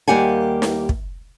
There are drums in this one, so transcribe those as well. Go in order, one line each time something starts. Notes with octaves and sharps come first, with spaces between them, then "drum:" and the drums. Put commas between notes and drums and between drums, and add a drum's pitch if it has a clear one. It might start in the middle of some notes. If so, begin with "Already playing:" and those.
D#2 G3 A#3 G4 F#5 G#5
drum: snare
drum: kick